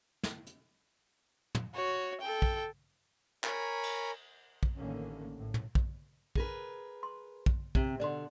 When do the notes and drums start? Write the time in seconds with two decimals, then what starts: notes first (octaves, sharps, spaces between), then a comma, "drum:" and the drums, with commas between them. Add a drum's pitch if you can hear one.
0.23 drum: snare
0.47 drum: hi-hat
1.55 drum: tom
1.74 F#4 C#5
2.21 A4 G5
2.42 drum: kick
3.44 A#4 C#5 G#5 A#5 B5, drum: clap
3.83 drum: cymbal
4.63 drum: kick
4.78 A1 A2 D3 D#3 A#3 C#4
5.35 A#1 A2
5.54 drum: tom
5.75 drum: kick
6.36 G#4 A#4 B4, drum: kick
7.03 C6
7.46 drum: kick
7.75 C3, drum: kick
8.00 B2 D3 D5 C6